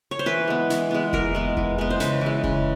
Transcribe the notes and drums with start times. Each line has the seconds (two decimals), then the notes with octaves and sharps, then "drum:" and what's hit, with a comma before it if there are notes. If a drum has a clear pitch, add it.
0.11 C#5
0.19 C5
0.26 E3 B4
0.48 G#3 B3
0.70 E3, drum: snare
0.91 G#3 B3
1.13 E3 A#4, drum: kick F1
1.35 G#3 B3
1.57 E3, drum: kick F1
1.78 G#3 B3
1.90 C5
2.00 C#3 B4, drum: snare
2.21 E3 G#3
2.44 C#3, drum: kick F1